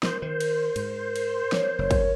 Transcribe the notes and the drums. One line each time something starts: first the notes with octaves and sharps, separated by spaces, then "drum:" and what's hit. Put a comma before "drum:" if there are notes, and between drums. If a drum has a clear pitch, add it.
A#4 C5, drum: snare
D#3 C5
drum: cymbal
G#2, drum: cymbal
drum: cymbal
C#5, drum: snare
F#1 C#5
drum: kick, cymbal